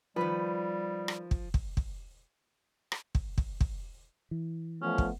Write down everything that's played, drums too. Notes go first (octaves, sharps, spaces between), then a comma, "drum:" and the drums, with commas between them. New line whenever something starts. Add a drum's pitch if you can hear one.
D#3 F3 G3 B4
drum: rim click
drum: kick
drum: kick
drum: kick
drum: rim click
drum: kick
drum: kick
drum: kick
E3
F3 A3 B3 C#4
drum: kick